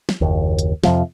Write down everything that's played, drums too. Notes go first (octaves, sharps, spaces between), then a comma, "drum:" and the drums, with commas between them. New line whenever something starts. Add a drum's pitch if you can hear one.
drum: snare
F#1 D#2
drum: hi-hat
F2 C3 F3, drum: snare